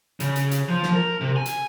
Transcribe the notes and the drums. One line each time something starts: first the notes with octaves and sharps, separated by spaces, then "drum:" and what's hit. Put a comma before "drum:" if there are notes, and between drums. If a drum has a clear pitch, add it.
C#3, drum: hi-hat
drum: hi-hat
drum: hi-hat
F3
drum: snare
A#4
C3
G#5
drum: hi-hat